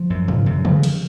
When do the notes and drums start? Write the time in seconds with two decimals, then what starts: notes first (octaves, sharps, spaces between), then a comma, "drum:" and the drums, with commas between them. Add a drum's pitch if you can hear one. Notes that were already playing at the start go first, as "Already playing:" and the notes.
Already playing: F3
0.10 F#2
0.28 C#3, drum: tom
0.46 F#2, drum: tom
0.65 C#3, drum: tom
0.83 drum: cymbal